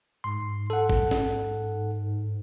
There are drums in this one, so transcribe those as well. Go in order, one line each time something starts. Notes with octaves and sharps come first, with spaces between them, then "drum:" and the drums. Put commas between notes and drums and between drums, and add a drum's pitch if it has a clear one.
G#2 C6
A4 F#5
drum: kick G#1
drum: snare